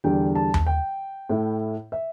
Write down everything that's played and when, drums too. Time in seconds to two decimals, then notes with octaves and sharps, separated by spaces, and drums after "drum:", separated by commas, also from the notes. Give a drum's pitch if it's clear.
0.04 E2 D3 G3 D4 G5
0.35 A5
0.54 drum: tom D#2
0.67 G5
1.29 A2 A3 E4
1.92 E5